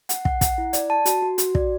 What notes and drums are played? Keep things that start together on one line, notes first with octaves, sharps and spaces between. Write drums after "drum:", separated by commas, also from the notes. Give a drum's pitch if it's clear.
F#5, drum: hi-hat
F#5, drum: kick
F#5, drum: kick, hi-hat
E4
D5, drum: hi-hat
A5
F#4, drum: hi-hat
F#4
F#4, drum: hi-hat
D5, drum: kick